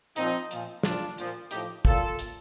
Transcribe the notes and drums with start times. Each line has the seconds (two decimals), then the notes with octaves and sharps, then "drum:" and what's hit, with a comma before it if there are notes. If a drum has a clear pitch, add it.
0.16 A#2 F3 C4 D#4, drum: hi-hat
0.51 A#2 F3, drum: hi-hat
0.83 A#2 F3 D4 F4, drum: snare
1.18 A#2 F3, drum: hi-hat
1.51 A2 F3 D#4 G4, drum: hi-hat
1.85 A#2 F3 F4 A4, drum: kick
2.19 drum: hi-hat